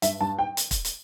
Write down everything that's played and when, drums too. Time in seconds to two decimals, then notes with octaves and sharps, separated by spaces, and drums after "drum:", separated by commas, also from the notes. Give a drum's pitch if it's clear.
0.02 G2 E5, drum: hi-hat
0.21 G2 A5
0.39 G5
0.57 drum: hi-hat
0.71 drum: kick, hi-hat
0.85 drum: hi-hat